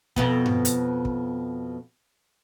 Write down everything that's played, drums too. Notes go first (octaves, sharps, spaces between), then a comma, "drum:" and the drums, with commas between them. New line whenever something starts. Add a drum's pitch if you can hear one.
F2 B2 B3, drum: kick
drum: tom G2
drum: hi-hat
drum: kick